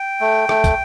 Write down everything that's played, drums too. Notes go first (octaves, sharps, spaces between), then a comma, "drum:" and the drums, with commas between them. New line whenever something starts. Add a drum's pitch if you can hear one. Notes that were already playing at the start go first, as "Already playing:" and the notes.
Already playing: G5
A3
A3, drum: rim click
drum: kick, tambourine